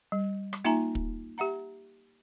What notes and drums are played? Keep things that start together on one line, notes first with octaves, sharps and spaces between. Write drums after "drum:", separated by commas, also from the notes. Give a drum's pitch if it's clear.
G3
drum: rim click
A#3 D#4 F4 E5 G#5 A#5
drum: kick
G4 E5 F#5 A#5